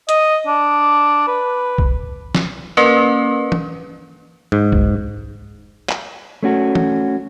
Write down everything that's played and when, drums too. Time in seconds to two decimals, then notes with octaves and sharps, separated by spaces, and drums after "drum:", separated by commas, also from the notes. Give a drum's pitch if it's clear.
0.09 D#5, drum: hi-hat
0.47 D4
1.28 B4
1.78 drum: kick B1
2.35 drum: snare
2.77 A#3 C#4 A#4 B4
3.52 drum: tom
4.52 G#2
4.72 drum: kick B1
5.89 drum: clap
6.43 A3 C#4 F#4
6.75 drum: tom